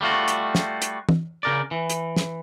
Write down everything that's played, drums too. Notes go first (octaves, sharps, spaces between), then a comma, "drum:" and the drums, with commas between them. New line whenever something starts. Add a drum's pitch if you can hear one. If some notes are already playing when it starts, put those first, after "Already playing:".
G3 A3 F4 F#4
drum: hi-hat
drum: snare
drum: hi-hat
drum: tom
C#3 A#4 D5
E3
drum: hi-hat
drum: snare